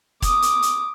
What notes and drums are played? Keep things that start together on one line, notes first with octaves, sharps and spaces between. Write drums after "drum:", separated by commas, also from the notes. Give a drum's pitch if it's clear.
D6 D#6, drum: kick, hi-hat
drum: hi-hat
drum: hi-hat